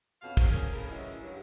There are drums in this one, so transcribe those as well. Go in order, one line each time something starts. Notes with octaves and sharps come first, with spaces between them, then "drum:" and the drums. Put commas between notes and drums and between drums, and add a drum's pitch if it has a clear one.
F2 B2 C#4 F5
F#3 C4 G#4, drum: kick, cymbal
C#4 G#4 A#4
A2 C#3 G#4 A#4
F#2 E3 F#3 G#3 C#4 E5
G2 C#3 F#3